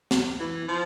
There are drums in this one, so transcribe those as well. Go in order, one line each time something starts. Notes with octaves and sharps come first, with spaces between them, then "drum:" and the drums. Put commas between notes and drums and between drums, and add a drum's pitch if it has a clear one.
drum: snare
E3
F3